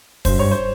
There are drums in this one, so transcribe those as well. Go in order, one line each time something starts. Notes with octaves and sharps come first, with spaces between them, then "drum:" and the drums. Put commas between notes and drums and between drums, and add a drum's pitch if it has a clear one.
F#2 C5, drum: kick, open hi-hat
G2 C#5
C5